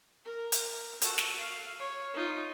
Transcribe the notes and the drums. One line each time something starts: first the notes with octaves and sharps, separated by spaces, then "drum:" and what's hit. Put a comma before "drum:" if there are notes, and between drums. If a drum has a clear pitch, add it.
A#4
drum: hi-hat
F#4 A4, drum: hi-hat
drum: snare
F5
C#5
D#4 F4